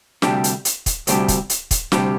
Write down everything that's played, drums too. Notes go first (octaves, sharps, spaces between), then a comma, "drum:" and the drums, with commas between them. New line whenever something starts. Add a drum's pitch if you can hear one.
D2 C3 G3 D4 G4, drum: snare
drum: hi-hat
drum: hi-hat
drum: kick, hi-hat
D2 C3 G3 D4 G4, drum: hi-hat
drum: kick, hi-hat
drum: hi-hat
drum: kick, hi-hat
D2 C3 G3 D4 G4, drum: snare